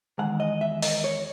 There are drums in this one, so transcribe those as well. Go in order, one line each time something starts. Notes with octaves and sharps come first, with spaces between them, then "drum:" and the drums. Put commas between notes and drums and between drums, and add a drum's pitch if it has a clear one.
E2 D#3 G#3 F#5
D#5
E5
D#5, drum: open hi-hat
C#5